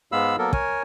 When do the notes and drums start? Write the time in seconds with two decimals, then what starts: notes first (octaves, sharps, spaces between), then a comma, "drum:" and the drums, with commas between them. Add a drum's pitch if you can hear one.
0.12 G#2 G#3 B3 F5 B5 E6
0.38 F#3 A#3 B3 A4 A#4
0.53 A#4 C#5 G#5, drum: kick